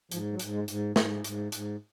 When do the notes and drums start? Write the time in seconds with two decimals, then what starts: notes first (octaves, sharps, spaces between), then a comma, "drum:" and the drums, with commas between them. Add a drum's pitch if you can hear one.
0.12 G#2 F3, drum: hi-hat
0.33 F#3
0.39 G#2, drum: hi-hat
0.54 G#3
0.68 G#2, drum: hi-hat
0.96 G#2, drum: snare
1.24 G#2, drum: hi-hat
1.52 G#2, drum: hi-hat